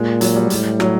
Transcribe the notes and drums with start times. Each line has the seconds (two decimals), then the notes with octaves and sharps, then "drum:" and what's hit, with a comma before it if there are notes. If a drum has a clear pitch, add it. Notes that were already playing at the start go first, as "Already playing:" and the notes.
Already playing: A#2 G#3
0.21 F#3, drum: hi-hat
0.36 G3
0.50 A2, drum: hi-hat
0.80 F#3, drum: rim click